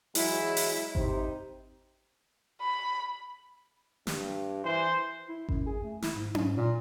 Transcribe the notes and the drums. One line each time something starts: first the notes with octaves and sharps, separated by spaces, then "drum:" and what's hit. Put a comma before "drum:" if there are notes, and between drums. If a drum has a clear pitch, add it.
E3 F#3 G#3 E4, drum: open hi-hat
drum: open hi-hat
C3 D#4 C5, drum: kick G#1
B5
G2, drum: snare
E3 C5
E4
F#2, drum: kick G#1
G#4
A3
E4, drum: snare
G#2
G#2, drum: tom C#4
A#2